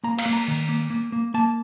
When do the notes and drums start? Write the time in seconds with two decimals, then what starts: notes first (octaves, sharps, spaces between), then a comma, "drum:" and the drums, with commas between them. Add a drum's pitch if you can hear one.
0.04 A#3 A#5
0.19 F5, drum: cymbal
0.26 A#3
0.33 A#5
0.48 D#3
0.69 A#3
0.90 A#3
1.12 A#3
1.34 A#3 A5